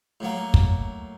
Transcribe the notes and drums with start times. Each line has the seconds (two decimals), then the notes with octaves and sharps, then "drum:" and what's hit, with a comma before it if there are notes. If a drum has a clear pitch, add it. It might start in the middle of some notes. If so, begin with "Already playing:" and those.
0.20 A2 F#3 A#3
0.54 drum: kick